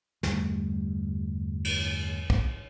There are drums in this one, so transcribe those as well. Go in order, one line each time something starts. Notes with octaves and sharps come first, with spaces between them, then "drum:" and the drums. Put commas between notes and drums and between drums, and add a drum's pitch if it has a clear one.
G1 E2 G3 A3, drum: snare
drum: cymbal
drum: kick